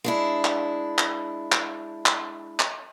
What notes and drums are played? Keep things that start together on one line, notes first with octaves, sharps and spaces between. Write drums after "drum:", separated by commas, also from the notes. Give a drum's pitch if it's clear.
G#3 D4 E4
drum: clap
drum: clap
drum: clap
drum: clap
drum: clap